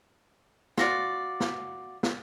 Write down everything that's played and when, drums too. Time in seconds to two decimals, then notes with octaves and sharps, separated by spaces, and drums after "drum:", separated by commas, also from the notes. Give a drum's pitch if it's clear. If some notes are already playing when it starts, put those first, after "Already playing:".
0.78 F4 F#4 D5, drum: snare
1.40 drum: snare
2.03 drum: snare